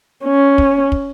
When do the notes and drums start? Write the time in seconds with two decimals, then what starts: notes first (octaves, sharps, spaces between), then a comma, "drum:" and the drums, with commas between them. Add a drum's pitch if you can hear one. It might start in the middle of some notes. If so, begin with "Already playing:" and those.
0.24 C#4
0.58 drum: kick
0.92 drum: kick